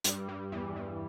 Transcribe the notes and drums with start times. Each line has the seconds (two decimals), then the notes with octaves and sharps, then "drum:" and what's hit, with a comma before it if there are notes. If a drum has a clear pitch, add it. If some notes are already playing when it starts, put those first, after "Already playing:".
0.04 G2 G3, drum: hi-hat
0.28 G2 G3
0.52 E2 E3
0.75 E2 E3